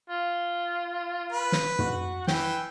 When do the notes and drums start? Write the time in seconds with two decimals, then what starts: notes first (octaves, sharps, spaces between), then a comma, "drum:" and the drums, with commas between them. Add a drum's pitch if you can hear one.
0.10 F4
1.32 B4
1.52 drum: snare
1.79 F#4, drum: tom
2.27 E3 G5, drum: snare